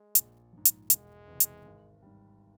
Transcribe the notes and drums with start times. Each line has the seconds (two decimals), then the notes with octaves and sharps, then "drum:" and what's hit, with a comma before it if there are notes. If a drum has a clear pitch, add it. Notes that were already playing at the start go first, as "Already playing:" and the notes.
Already playing: G#3
0.15 A#1, drum: hi-hat
0.53 G#2 F3
0.65 drum: hi-hat
0.90 E1 G#3, drum: hi-hat
1.28 E2 C3
1.40 drum: hi-hat
1.65 G#1
2.02 G#2 G3